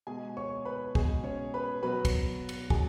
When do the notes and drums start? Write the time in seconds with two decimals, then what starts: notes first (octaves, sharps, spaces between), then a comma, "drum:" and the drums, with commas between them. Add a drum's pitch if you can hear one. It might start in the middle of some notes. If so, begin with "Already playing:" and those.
0.07 B2 G#3 G#4 G#5
0.37 C#5 C#6
0.65 B4 B5
0.95 B2 G#3 G#4, drum: kick
1.24 C#4 C#5
1.54 B4 B5
1.83 B2 F#3 B4 B5
2.05 drum: kick, cymbal
2.49 drum: cymbal
2.70 B2 F#3 G#4 G#5, drum: kick